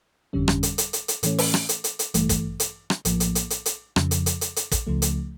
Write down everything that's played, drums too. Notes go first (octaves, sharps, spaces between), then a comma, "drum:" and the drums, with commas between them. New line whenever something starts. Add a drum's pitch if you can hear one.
G1 F2 D3 G3 C#4
drum: rim click
drum: hi-hat
drum: hi-hat
drum: hi-hat
drum: hi-hat
A2 E3 A3 C#4, drum: hi-hat
drum: open hi-hat
drum: rim click
drum: hi-hat
drum: hi-hat
drum: hi-hat
A1 G2 E3 A3, drum: hi-hat
drum: kick, hi-hat
drum: hi-hat
drum: rim click
A#1 A2 F3 A#3, drum: hi-hat
drum: hi-hat
drum: hi-hat
drum: hi-hat
drum: hi-hat
F2 C#3 F3, drum: rim click
drum: hi-hat
drum: hi-hat
drum: hi-hat
drum: hi-hat
drum: kick, hi-hat
C#2 C#3 F3 A3
drum: hi-hat